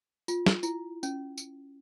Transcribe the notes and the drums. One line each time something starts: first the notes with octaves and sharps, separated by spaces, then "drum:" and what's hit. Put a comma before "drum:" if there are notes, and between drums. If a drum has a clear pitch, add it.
F4, drum: tambourine
drum: snare
E4, drum: tambourine
C#4, drum: tambourine
drum: tambourine